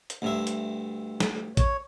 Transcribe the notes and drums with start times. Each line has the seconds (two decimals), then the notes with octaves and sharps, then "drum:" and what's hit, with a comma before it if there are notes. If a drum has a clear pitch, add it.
0.10 drum: hi-hat
0.22 D2 G2 E5
0.47 drum: hi-hat
1.20 drum: snare
1.57 C#5, drum: kick, hi-hat